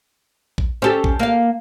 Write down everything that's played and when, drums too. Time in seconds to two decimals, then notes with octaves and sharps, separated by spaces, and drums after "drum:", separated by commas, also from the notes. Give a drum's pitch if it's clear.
0.58 drum: kick A#1
0.82 C#4 G4 A4 C5
1.04 drum: kick A#1
1.19 A#3 F5